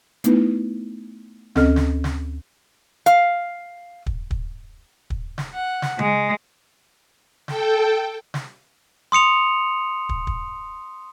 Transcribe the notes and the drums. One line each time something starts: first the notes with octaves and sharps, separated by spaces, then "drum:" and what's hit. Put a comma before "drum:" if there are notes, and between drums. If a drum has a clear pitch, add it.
A3 B3 D#4 E4 B4, drum: hi-hat
D2 C4 C#4 A4 D#5 F6, drum: snare
drum: snare
drum: snare
F5, drum: hi-hat
drum: kick
drum: kick
drum: kick
drum: snare
F#5
drum: snare
G#3, drum: tom C#3
A4 G5, drum: snare
drum: snare
C6 D#6 C#7 F7
drum: kick
drum: kick